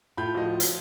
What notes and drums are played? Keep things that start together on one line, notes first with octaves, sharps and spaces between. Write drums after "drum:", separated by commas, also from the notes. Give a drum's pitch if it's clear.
A2 F4 A5 B5 G6
D2 F3 D#5
drum: hi-hat